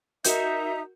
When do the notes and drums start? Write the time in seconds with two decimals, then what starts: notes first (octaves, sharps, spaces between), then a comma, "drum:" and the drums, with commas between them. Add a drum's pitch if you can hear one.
0.24 D#4 F#4 A#4 E5 G6, drum: hi-hat